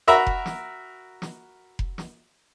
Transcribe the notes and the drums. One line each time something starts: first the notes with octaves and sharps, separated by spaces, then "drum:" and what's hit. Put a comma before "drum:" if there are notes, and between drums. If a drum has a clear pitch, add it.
F#4 A#4 E5 A#5 B5
drum: kick F1
drum: snare
drum: snare
drum: kick F1
drum: snare